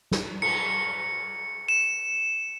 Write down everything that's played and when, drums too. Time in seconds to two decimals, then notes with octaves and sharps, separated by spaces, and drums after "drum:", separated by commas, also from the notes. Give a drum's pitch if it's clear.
0.11 drum: snare
0.42 C#7, drum: cymbal
1.69 E7